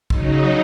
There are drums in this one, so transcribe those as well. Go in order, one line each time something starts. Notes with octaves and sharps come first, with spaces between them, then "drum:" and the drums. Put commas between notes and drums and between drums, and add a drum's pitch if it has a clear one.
C#3 F#3 D#4, drum: kick